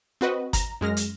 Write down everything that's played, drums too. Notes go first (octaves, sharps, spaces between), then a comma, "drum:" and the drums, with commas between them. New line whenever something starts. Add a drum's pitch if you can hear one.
C4 F#4 B4 D#5
A#5, drum: kick, hi-hat
F#2 G#3 F6 A#6
drum: hi-hat